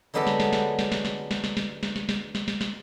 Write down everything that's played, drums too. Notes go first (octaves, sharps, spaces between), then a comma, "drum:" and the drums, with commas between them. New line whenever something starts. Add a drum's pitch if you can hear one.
D3 F#3 G#3 B3 G4 A4
drum: snare
drum: snare
drum: snare
drum: snare
drum: snare
drum: snare
drum: snare
drum: snare
drum: snare
drum: snare
drum: snare
drum: snare
drum: snare
drum: snare
drum: snare